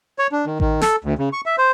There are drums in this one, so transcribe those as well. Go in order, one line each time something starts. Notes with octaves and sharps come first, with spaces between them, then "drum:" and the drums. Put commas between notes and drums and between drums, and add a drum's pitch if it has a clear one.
C#5
D4
D#3
D#3, drum: kick A1
A4, drum: snare
D2
C#3
C#6
E5
C5